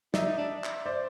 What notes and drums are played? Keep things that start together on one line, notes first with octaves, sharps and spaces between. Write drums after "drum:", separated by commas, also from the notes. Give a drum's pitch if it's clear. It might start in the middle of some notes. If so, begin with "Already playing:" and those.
D#4 D5 E5, drum: snare
D#4
D4
drum: clap
C5 D5